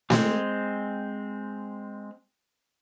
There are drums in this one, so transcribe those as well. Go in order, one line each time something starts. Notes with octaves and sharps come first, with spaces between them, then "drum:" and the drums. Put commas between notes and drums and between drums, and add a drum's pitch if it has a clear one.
G#3 C4, drum: snare A3